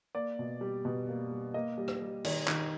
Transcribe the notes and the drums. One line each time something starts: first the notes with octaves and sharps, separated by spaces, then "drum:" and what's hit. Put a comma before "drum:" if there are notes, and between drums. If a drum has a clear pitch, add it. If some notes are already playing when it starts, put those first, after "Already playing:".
A#3 D5
B2
G3
B2
A#3
G3
A#3 D#5
G3
drum: rim click
G3
D#3, drum: cymbal
D#3, drum: clap